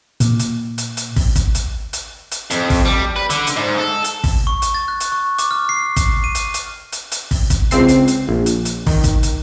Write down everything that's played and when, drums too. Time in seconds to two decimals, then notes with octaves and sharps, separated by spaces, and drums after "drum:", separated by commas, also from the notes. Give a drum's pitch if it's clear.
0.20 A#2, drum: hi-hat
0.40 drum: hi-hat
0.78 drum: hi-hat
0.97 drum: hi-hat
1.16 drum: kick, open hi-hat
1.36 drum: kick, hi-hat
1.55 drum: hi-hat
1.93 drum: hi-hat
2.32 drum: hi-hat
2.50 F2, drum: hi-hat
2.70 drum: kick, open hi-hat
2.85 G3
3.16 B4
3.30 D3, drum: hi-hat
3.47 drum: hi-hat
3.57 G#2
3.78 A4
4.04 drum: hi-hat
4.24 drum: kick, open hi-hat
4.47 C#6
4.62 drum: hi-hat
4.74 A6
4.88 F#6
5.00 drum: hi-hat
5.12 C#6
5.38 D6, drum: hi-hat
5.51 F6
5.69 C7
5.96 drum: kick, hi-hat
6.24 D#7
6.35 drum: hi-hat
6.54 drum: hi-hat
6.93 drum: hi-hat
7.12 drum: hi-hat
7.31 drum: kick, open hi-hat
7.50 drum: kick, hi-hat
7.71 C#2 C4 C7, drum: hi-hat
7.89 drum: hi-hat
8.08 drum: hi-hat
8.28 A#1
8.46 drum: hi-hat
8.65 drum: hi-hat
8.86 D#3, drum: kick, open hi-hat
9.04 drum: kick, hi-hat
9.23 drum: hi-hat